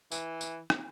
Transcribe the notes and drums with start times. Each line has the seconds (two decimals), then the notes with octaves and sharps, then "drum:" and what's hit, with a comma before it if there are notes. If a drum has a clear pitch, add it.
0.12 E3, drum: tambourine
0.41 drum: tambourine
0.70 drum: rim click